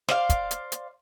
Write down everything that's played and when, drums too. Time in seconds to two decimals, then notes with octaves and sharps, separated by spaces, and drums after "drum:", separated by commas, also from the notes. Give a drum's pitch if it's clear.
0.09 C5 D5 F5, drum: snare
0.30 drum: kick, hi-hat
0.51 drum: hi-hat
0.72 drum: hi-hat